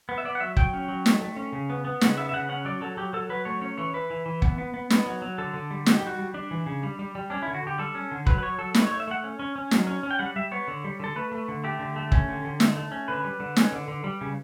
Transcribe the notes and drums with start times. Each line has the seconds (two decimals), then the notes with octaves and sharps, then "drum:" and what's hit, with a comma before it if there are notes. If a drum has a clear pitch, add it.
0.09 B3
0.18 E5
0.25 B3 D5
0.35 F#5
0.40 F#3 E5
0.57 F#3 G5, drum: kick
0.74 C#4
0.88 F#3
1.06 A3, drum: snare
1.22 A3
1.37 C#4
1.53 C#3
1.70 B3
1.85 B3
2.01 C#3 F#5, drum: snare
2.17 B3 E5
2.29 E5
2.33 C#3 F#5
2.49 C#4 F#5
2.65 F#3 D5
2.81 F#3 A4
2.97 F#3 G4
3.13 F#3 A4
3.29 F#3 B4
3.45 A3 C#5
3.61 C#4 C#5
3.78 E3 C#5
3.94 E3 B4
4.10 E3
4.26 E3
4.42 B3, drum: kick
4.58 B3
4.74 B3
4.90 B3, drum: snare
5.06 F#3
5.22 F#3
5.38 D3 A4
5.54 D3
5.71 G3
5.86 G3 F#4, drum: snare
5.96 G4
6.03 G3 F#4
6.19 G3
6.34 G3 D4
6.51 E3
6.66 C#3
6.83 G3
6.99 G3
7.15 G3
7.30 C#4 D4
7.42 E4
7.47 D3
7.55 F#4
7.63 D3 G4
7.78 G3 A4
7.95 C#4
8.11 D3
8.26 F#3 B4, drum: kick
8.38 B4
8.43 F#3 C#5
8.59 F#3 A4
8.74 A3 B4, drum: snare
8.87 C#5
8.91 A3
9.00 E5
9.07 A3 F#5
9.24 C#4
9.39 C#4
9.56 C#4
9.71 F#3, drum: snare
9.87 C#4
10.03 C#4
10.11 G5
10.19 G3 F#5
10.36 G3 E5
10.51 B3 C#5
10.68 D3
10.84 G3
11.00 D3 A4
11.16 A3 B4
11.32 A3
11.48 D3
11.64 A3 G4
11.79 D3
11.96 A3
12.12 C#4, drum: kick
12.29 D3
12.44 D3
12.60 A3, drum: snare
12.77 A3
12.92 C#4
13.08 D3 B4
13.25 G3
13.40 D3
13.56 C#4, drum: snare
13.72 D3
13.88 D3
14.04 G3
14.21 C#3